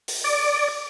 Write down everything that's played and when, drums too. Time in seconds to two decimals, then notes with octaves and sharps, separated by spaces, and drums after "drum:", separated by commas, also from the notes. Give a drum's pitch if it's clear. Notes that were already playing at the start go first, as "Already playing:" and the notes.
0.08 drum: open hi-hat
0.24 D5